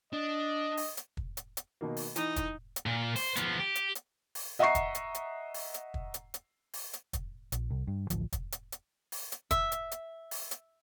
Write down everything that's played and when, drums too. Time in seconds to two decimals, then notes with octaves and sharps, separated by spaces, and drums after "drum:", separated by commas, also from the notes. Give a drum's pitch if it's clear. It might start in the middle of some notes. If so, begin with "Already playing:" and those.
0.13 D4 D#5
0.77 drum: open hi-hat
0.97 drum: hi-hat
1.17 drum: kick
1.37 drum: hi-hat
1.57 drum: hi-hat
1.81 B2 D#3 A#3
1.97 drum: open hi-hat
2.16 E3 D#4, drum: hi-hat
2.36 drum: kick, hi-hat
2.76 drum: hi-hat
2.86 A#2
3.16 C5, drum: open hi-hat
3.36 F3 B3, drum: hi-hat
3.59 G4
3.75 drum: hi-hat
3.95 drum: hi-hat
4.35 drum: open hi-hat
4.59 D#5 E5 F#5 A#5 C#6 C7
4.75 drum: kick, hi-hat
4.95 drum: hi-hat
5.15 drum: hi-hat
5.54 drum: open hi-hat
5.74 drum: hi-hat
5.94 drum: kick
6.14 drum: hi-hat
6.34 drum: hi-hat
6.74 drum: open hi-hat
6.93 drum: hi-hat
7.13 drum: kick, hi-hat
7.52 A#1, drum: hi-hat
7.70 C2
7.87 G2
8.10 A1 D2 F3, drum: hi-hat
8.32 drum: kick, hi-hat
8.52 drum: hi-hat
8.72 drum: hi-hat
9.12 drum: open hi-hat
9.32 drum: hi-hat
9.51 E5, drum: kick, hi-hat
9.72 drum: hi-hat
9.91 drum: hi-hat
10.31 drum: open hi-hat
10.51 drum: hi-hat